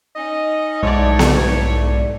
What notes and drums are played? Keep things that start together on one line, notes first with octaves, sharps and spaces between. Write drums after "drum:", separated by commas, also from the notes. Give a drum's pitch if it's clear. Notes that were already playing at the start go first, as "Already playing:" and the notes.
C#4 D#4 D#5
B1 G#2 A3 E4 C#5 D5
drum: snare B3